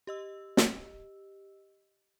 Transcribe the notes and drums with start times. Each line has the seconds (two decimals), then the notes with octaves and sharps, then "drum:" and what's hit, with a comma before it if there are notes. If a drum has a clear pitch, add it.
0.07 G4 D#5 E6
0.57 drum: snare